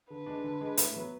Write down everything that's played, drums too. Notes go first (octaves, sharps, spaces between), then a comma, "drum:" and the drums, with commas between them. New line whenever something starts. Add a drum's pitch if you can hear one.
D3 B4
G#3 D4
D3
G#3 D4
A2, drum: hi-hat
F#3 B3